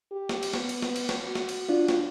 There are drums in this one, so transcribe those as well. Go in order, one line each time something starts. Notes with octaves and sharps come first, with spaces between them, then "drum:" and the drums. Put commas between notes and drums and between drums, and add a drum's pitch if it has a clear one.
G4
drum: snare
drum: cymbal
B3, drum: snare
drum: cymbal
drum: snare
drum: cymbal
drum: snare
F#4
drum: snare
drum: cymbal
D4 F4
drum: snare